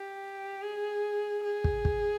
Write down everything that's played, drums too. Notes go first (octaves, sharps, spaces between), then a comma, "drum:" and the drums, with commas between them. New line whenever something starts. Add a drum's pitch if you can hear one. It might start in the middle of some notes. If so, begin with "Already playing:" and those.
Already playing: G4
G#4
G#4
drum: kick
drum: kick